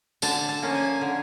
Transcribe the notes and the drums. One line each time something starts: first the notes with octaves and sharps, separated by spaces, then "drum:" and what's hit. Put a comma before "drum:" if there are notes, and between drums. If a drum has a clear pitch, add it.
D3 A5, drum: tambourine
A5
F3 A#3 C#4
G#5
D3